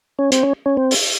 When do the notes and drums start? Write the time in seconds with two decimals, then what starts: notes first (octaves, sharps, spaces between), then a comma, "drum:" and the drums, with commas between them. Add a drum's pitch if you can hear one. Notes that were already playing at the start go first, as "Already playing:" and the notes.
0.19 C#4
0.32 C4, drum: hi-hat
0.43 C#4
0.66 C#4
0.77 C4
0.91 drum: open hi-hat